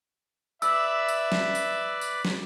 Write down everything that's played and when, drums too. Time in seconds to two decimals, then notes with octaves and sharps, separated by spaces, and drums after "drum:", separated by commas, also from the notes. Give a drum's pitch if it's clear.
0.62 B4 D5 E5 E6, drum: tambourine
1.08 drum: tambourine
1.32 drum: snare
1.55 drum: tambourine
2.01 drum: tambourine
2.25 drum: snare